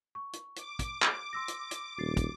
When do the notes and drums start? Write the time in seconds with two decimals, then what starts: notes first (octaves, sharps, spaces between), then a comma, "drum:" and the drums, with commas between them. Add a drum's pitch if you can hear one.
0.15 C#6
0.33 drum: hi-hat
0.56 D6, drum: hi-hat
0.79 drum: kick, hi-hat
1.02 drum: clap
1.33 C6 E6 A#6
1.48 drum: hi-hat
1.71 drum: hi-hat
1.98 D#1 F#4 A6 C7
2.17 drum: kick, hi-hat